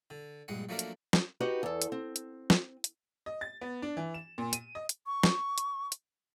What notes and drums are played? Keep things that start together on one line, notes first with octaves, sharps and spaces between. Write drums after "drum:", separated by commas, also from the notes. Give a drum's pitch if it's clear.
D3
A#1 G2 G#3 F#5
F3 F#3 A3 A#3 D4 A#4
drum: hi-hat
drum: snare
D#4 F#4 G4 B4
E2 A4
drum: hi-hat
C4
drum: hi-hat
drum: snare
drum: hi-hat
D#5
A6
B3
D4
E3
E7
A#2
D#7, drum: hi-hat
D#5
drum: hi-hat
C#6
drum: snare
drum: hi-hat
drum: hi-hat